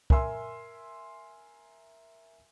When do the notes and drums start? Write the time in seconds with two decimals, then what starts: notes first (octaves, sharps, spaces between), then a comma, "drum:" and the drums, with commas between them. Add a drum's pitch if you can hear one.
0.10 A#4 E5 G#5 C6 E6, drum: kick